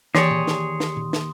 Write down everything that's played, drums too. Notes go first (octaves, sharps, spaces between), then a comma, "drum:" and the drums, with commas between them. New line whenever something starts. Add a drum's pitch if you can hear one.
D#2 E3 G4 G#4 C#5 D5 C6 D#6, drum: snare
drum: tom A#2
drum: snare
drum: snare
drum: tom A#2
drum: snare